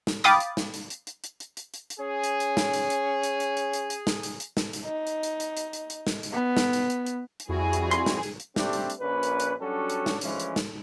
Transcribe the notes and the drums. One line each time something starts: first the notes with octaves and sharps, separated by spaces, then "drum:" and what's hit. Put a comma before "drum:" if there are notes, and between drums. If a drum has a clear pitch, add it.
drum: snare
F5 G5 B5 D6 D#6 A6, drum: hi-hat
drum: hi-hat
drum: snare
drum: hi-hat
drum: hi-hat
drum: hi-hat
drum: hi-hat
drum: hi-hat
drum: hi-hat
drum: hi-hat
drum: hi-hat
C#4 G#4
drum: hi-hat
drum: hi-hat
drum: snare
drum: hi-hat
drum: hi-hat
drum: hi-hat
drum: hi-hat
drum: hi-hat
drum: hi-hat
drum: hi-hat
drum: snare
drum: hi-hat
drum: hi-hat
drum: snare
drum: hi-hat
D#4
drum: hi-hat
drum: hi-hat
drum: hi-hat
drum: hi-hat
drum: hi-hat
drum: hi-hat
drum: snare
drum: hi-hat
B3
drum: snare
drum: hi-hat
drum: hi-hat
drum: hi-hat
drum: hi-hat
F2 G3 E4 F#4 G#4
drum: hi-hat
C6, drum: hi-hat
drum: snare
drum: hi-hat
drum: hi-hat
G3 A3 C4 D4 G4, drum: snare
drum: hi-hat
drum: hi-hat
A#1 A#2 C#4 B4
drum: hi-hat
drum: hi-hat
F#3 G3 C#4 D4 F#4 A4
drum: hi-hat
drum: snare
D2 E3 F3 G#3 C#4, drum: hi-hat
drum: hi-hat
drum: snare